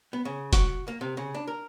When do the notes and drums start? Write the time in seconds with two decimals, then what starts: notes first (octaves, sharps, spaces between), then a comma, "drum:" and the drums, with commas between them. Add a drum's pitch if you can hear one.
0.13 B3
0.25 C#3
0.53 F#4, drum: kick F1, hi-hat
0.88 A#3
1.01 C3
1.17 C#3
1.34 D4
1.47 A#4